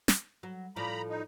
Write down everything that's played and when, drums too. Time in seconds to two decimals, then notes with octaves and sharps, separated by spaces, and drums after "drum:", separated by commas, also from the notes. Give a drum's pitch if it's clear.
0.08 drum: snare
0.43 F#3
0.76 A2 F3 D5 A#5 B5
1.09 D#4